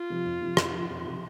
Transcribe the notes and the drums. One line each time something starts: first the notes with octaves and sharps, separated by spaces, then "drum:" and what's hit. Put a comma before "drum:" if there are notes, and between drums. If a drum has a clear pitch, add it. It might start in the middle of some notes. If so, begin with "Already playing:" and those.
Already playing: F4
C3 F3
F2
C3 F3
F2, drum: rim click
C3 F3
F2
C3 F3